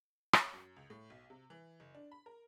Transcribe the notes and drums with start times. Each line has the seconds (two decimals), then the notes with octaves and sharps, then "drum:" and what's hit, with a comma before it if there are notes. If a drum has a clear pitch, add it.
0.33 C#5, drum: rim click
0.53 F#2
0.76 C#2
0.90 A2
1.10 B1
1.30 C3
1.50 E3
1.80 F#1
1.95 D4
2.11 B5
2.26 A#4